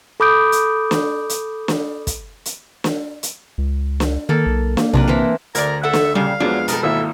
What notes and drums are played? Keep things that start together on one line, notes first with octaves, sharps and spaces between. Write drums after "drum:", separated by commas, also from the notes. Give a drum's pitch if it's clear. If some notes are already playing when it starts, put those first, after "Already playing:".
A4 B5 D6 D#6 G6 D7
drum: hi-hat
drum: snare
drum: hi-hat
drum: snare
drum: kick, hi-hat
drum: hi-hat
drum: snare
drum: hi-hat
C#2
drum: snare
D#3 A#3 A4
B1
A#3, drum: snare
B1 C3 D4 A#4 B4
E3 C4 E4
D2 A#4 D5 A#5 G#6, drum: hi-hat
A4 E5 F#5
drum: snare
A#2 C#3 G3 F5
F2 F#3 G#3 B3 D4
B2 G3 A4 A#4, drum: hi-hat
G#1 A#3 E4 E5